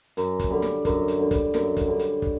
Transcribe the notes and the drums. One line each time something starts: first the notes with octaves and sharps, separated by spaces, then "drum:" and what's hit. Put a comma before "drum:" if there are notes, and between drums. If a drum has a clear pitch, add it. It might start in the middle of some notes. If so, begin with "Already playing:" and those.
F#2, drum: hi-hat
drum: kick, hi-hat
D3 G3
drum: snare
F#2, drum: kick, hi-hat
drum: hi-hat
D3 G3
drum: kick, hi-hat
F#2, drum: snare
drum: kick, hi-hat
D3 G3
drum: hi-hat
drum: kick